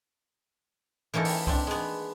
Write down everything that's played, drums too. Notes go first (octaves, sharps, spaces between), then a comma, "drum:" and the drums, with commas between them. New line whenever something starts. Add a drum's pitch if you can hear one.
E3 A#3 C#4 D#4 A4
drum: open hi-hat
C4 D4, drum: kick C2
G#3 B3